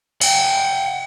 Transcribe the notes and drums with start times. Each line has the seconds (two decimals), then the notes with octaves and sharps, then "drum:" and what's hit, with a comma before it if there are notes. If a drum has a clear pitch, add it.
0.21 F#5 G5, drum: open hi-hat